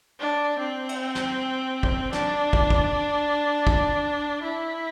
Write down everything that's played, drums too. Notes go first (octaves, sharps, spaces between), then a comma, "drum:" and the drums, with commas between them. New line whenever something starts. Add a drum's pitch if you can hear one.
D4
C4
drum: cymbal
drum: snare
drum: kick
D4, drum: snare
drum: kick
drum: kick
drum: kick
E4